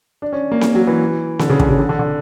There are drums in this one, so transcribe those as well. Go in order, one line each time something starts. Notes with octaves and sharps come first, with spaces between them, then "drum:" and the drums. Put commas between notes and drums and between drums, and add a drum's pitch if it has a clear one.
D4
C#4
A#3
drum: snare C4
F#3
E3
D3, drum: snare C4
C#3
D3, drum: kick
C#3
D3
D3
D3